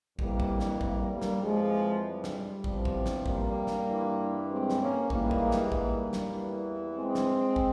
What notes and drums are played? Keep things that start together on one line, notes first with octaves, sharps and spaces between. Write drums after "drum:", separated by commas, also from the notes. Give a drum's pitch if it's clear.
F2 E3 G3 A#3, drum: kick
drum: kick
drum: snare
G3 A#3, drum: kick
G3 A#3
drum: snare
F2 E3 F3 G#3
G3
drum: snare
E2 C3 F3, drum: kick
drum: kick
drum: snare
G3 A#3, drum: kick
drum: snare
G2 E3
G#3 C4
drum: snare
A#3 C#4
G#2 E3 G3 A#3, drum: kick
drum: kick
drum: snare
G3 A#3, drum: kick
drum: snare
E2 E3
G#3 C4
drum: snare
drum: kick